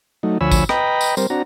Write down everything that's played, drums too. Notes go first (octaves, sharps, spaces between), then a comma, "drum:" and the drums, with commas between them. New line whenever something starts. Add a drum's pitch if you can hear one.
F#3 A3 D#4
D2 F3 C#5 G#5 B5 E6
drum: kick A1, tambourine
B4 D#5 G5 A#5 B5, drum: rim click
drum: tambourine
G3 C4 A#4 C5, drum: tambourine
C4 D4 F#4 A#5